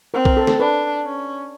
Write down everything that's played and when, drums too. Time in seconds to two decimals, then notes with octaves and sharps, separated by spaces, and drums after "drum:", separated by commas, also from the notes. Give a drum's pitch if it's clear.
0.14 C4 A#4
0.25 A#4, drum: kick B1
0.37 A4
0.47 A4, drum: snare
0.60 D4 B4
1.05 C#4